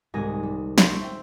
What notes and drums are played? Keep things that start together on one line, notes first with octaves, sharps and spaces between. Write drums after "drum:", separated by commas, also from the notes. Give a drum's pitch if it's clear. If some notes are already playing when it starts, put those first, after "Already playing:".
D#1 C2 G#2 G#3 G#5 A#6
G3
C6 C#6 G6, drum: snare
C5 E5 G5